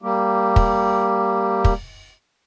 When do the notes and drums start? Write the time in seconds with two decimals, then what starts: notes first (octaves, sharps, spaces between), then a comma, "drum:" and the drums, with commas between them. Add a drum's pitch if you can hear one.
0.02 G3 A#3 G4
0.56 drum: kick
1.65 drum: kick